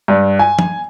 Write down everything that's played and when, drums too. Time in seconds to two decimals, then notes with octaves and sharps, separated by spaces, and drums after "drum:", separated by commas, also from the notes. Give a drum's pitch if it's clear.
0.08 G2
0.39 G#5
0.59 drum: tom